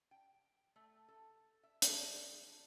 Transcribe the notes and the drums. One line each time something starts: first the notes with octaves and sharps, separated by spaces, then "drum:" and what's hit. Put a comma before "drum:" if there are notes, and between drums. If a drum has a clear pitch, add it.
G5
A3
A4
E5
D4, drum: hi-hat
F3